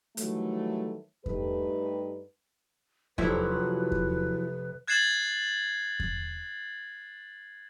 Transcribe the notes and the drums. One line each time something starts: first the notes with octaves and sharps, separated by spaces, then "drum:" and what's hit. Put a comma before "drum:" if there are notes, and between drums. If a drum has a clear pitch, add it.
D#3 E3 F#3 G3 A3, drum: hi-hat
G2 A3 D#4 G4 A4 B4, drum: kick E2
F1 C3 F3 F#3 E4 B4, drum: kick E2
drum: kick E2
F#6 G#6 A6 C7 E7 F#7
drum: kick E2